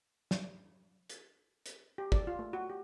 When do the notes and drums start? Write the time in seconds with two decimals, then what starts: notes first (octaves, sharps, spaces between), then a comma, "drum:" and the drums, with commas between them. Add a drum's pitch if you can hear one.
0.31 drum: snare
1.09 drum: hi-hat
1.66 drum: hi-hat
1.98 G4
2.12 D5, drum: kick
2.27 F4
2.39 A3
2.53 F#4
2.70 G4